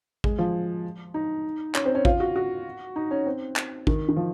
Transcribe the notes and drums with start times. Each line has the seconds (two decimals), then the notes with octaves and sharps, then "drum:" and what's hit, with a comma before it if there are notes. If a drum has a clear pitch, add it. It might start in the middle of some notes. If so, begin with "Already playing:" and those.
0.24 G#3, drum: kick A1
0.38 F3
1.14 D#4
1.75 C#4, drum: clap
1.85 C4
1.95 C#4
2.05 F4, drum: kick A1
2.20 F#4
2.36 F#4
2.96 D#4
3.11 C#4
3.26 C4
3.56 drum: clap
3.87 D#3, drum: kick A1
4.09 D#3
4.16 F3